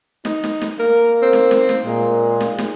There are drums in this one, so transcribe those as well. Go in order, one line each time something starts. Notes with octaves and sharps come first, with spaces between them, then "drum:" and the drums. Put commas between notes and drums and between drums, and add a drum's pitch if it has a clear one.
D#4, drum: snare
drum: snare
drum: snare
A#3 A#4
C4
drum: snare
drum: snare
drum: snare
A#2 G#3
drum: snare
drum: snare